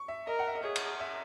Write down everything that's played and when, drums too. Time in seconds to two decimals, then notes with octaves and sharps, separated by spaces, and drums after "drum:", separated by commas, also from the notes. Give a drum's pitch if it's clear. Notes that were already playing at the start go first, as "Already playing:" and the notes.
Already playing: C#6
0.08 E5
0.27 A#4 D#5
0.39 F#5
0.47 E5
0.55 D#5
0.63 G#4 C#5
0.76 drum: cymbal
1.00 E5